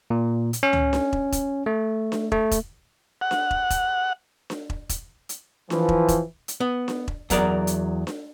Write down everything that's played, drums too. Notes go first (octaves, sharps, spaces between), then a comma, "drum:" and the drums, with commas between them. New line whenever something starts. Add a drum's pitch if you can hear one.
A#2
drum: hi-hat
C#4
drum: tom C#2
drum: snare D4
drum: kick
drum: kick, hi-hat
A3
drum: snare D4
A3, drum: kick
drum: kick, hi-hat
F#5
drum: snare D4
drum: kick
drum: kick, hi-hat
drum: snare D4
drum: kick
drum: kick, hi-hat
drum: hi-hat
E3 F3, drum: snare D4
drum: kick
drum: kick, hi-hat
drum: hi-hat
B3
drum: snare D4
drum: kick
E2 F#3 A#4 D5, drum: kick, hi-hat
drum: hi-hat
drum: snare D4